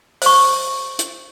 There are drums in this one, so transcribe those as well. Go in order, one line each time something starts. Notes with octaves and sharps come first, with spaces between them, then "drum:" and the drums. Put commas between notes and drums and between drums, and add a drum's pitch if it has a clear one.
C5 C#6, drum: open hi-hat
drum: hi-hat